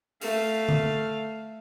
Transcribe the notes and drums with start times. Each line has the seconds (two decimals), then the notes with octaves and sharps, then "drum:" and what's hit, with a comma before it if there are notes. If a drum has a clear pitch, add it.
0.21 A3 F5, drum: open hi-hat
0.69 drum: tom D3